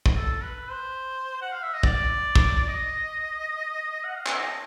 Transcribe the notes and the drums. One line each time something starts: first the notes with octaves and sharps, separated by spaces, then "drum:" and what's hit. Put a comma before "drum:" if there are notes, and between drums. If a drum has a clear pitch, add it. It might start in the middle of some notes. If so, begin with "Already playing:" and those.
drum: kick
A4
B4
C5
F#5
F5
E5
D#5
D5, drum: kick
drum: kick
D#5
F#5
F5
E5, drum: clap
D#5